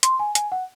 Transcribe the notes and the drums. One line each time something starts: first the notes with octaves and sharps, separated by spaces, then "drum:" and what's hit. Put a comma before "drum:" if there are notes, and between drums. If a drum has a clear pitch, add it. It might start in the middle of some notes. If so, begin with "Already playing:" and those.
C6, drum: hi-hat
G#5
G#5, drum: hi-hat
F#5